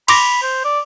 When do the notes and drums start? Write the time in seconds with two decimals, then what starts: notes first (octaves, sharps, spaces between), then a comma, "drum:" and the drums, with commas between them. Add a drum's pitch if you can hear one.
0.08 B5 C6 D6 A#6, drum: cymbal
0.43 C5
0.65 D5